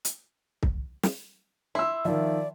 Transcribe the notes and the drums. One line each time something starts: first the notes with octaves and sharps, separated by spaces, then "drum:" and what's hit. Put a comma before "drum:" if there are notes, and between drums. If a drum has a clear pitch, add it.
drum: hi-hat
drum: kick C2
drum: snare
E4 C6 E6
D#3 F3 D5 E5